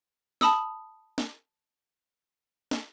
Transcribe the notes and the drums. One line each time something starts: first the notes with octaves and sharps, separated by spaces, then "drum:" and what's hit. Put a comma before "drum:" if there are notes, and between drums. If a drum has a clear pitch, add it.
A5 B5 D#6 E6, drum: snare
drum: snare
drum: snare